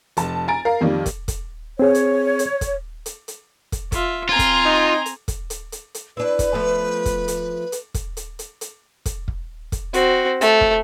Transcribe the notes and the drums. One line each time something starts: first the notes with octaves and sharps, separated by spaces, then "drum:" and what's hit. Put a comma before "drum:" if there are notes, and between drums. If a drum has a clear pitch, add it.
F1 A5, drum: hi-hat
G#5 A#5 A6 D7
A#4 F5 A#5
F2 D#3 G3 A#3
drum: kick, hi-hat
drum: kick, hi-hat
C4 G#4 C#5
drum: hi-hat
drum: hi-hat
drum: kick, hi-hat
drum: hi-hat
drum: hi-hat
drum: kick, hi-hat
F4 E5, drum: kick, hi-hat
C4 F4 G#5 A#5 C6
drum: kick, hi-hat
D#4
drum: hi-hat
drum: kick, hi-hat
drum: hi-hat
drum: hi-hat
drum: hi-hat
D4 E4 B4
drum: kick, hi-hat
F3 A3 B3
drum: kick, hi-hat
drum: hi-hat
drum: hi-hat
drum: kick, hi-hat
drum: hi-hat
drum: hi-hat
drum: hi-hat
drum: kick, hi-hat
drum: kick
drum: kick, hi-hat
C4 F#4, drum: hi-hat
A3, drum: hi-hat
drum: kick